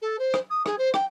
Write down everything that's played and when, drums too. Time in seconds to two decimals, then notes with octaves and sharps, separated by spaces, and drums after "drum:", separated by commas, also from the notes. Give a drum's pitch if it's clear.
0.01 A4
0.19 C5
0.34 drum: rim click
0.50 D#6
0.66 G#4, drum: rim click
0.78 C5
0.94 G5, drum: rim click